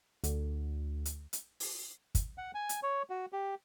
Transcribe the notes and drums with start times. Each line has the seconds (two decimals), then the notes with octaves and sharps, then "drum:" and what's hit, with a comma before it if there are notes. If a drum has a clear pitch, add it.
0.24 D2, drum: hi-hat
1.05 drum: hi-hat
1.33 drum: hi-hat
1.60 drum: open hi-hat
2.15 drum: kick, hi-hat
2.38 F#5
2.54 G#5
2.69 drum: hi-hat
2.83 C#5
3.10 F#4
3.33 G4